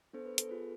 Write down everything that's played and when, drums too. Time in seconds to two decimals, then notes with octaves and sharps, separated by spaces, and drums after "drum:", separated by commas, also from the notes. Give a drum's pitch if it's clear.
0.13 B3 D4 A4 C5
0.26 B4
0.38 A4, drum: hi-hat
0.49 B3 F4 G#4 B4